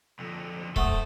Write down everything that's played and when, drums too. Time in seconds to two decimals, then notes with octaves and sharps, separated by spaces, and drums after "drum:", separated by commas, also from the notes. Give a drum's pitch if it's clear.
0.19 F2 D3
0.76 F#2 A3 C5 F#5 D#6, drum: kick